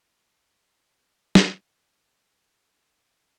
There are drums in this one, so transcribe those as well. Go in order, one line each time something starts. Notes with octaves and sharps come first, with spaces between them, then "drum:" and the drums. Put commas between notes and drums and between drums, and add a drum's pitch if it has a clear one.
C#6
B2
drum: snare
D#3
A4